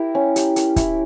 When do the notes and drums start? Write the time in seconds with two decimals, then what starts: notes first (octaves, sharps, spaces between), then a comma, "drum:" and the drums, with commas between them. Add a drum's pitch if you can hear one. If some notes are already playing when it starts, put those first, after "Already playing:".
Already playing: E4 G4 A#4
0.15 C#4
0.36 G4, drum: hi-hat
0.56 A#4, drum: hi-hat
0.76 E4, drum: kick, hi-hat